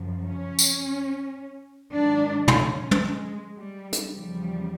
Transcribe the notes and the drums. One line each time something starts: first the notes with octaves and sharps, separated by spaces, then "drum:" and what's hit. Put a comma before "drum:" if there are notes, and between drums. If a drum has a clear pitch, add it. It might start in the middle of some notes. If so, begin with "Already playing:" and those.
Already playing: F#2 C#3 F3
C#4
drum: tambourine
G#2 D#3 F#3 D4
C#4, drum: tom
drum: tom
G#3
G3
drum: hi-hat
E2 C#3 F3 G3